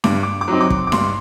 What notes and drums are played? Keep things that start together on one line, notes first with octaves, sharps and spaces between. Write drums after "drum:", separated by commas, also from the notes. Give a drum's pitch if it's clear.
G2 D6, drum: snare D4
D6
D6
F#3 C4 D#4
D6
drum: kick
D6
G2 C6, drum: snare D4